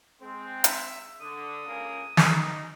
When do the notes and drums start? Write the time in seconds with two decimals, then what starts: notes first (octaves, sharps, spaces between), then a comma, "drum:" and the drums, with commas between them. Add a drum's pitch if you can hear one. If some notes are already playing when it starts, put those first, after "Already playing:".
0.21 G#3 C4
0.64 E5, drum: hi-hat
1.21 D3 D#6
1.66 C#2 A#3 G#4
2.17 D#4, drum: snare